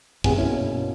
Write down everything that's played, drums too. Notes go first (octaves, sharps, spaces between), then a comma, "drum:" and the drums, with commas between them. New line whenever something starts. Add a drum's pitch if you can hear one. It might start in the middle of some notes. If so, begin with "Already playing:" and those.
D2 A2 C3 B3 G#4 G#5, drum: kick
G2 B2 A#3 C#4 E4